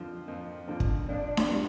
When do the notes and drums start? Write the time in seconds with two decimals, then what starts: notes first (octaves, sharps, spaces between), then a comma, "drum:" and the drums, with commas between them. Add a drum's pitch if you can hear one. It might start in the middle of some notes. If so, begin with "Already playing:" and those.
Already playing: F2 D3 F3 C4
0.28 F2
0.68 D3 F3 C4
0.80 drum: kick
1.09 F2 D4
1.37 drum: snare D4
1.49 C3 F3 B3